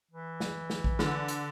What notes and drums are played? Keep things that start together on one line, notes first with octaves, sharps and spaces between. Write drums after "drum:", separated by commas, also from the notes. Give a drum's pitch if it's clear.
E3
drum: snare
drum: snare
drum: kick
D3, drum: snare
drum: hi-hat